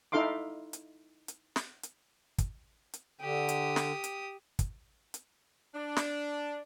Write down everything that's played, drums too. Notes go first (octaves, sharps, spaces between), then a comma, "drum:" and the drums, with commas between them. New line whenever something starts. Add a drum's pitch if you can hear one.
D#4 E4 A4 F5 C6 D6
drum: hi-hat
drum: hi-hat
drum: snare
drum: hi-hat
drum: kick, hi-hat
drum: hi-hat
D3 G4 D#6
drum: hi-hat
drum: snare
drum: hi-hat
drum: kick, hi-hat
drum: hi-hat
D4
drum: snare